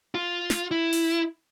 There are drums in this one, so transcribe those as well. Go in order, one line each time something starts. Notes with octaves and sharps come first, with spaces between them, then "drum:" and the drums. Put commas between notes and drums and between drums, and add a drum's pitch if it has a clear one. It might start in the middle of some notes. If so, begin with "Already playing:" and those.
F4
drum: snare
E4
drum: open hi-hat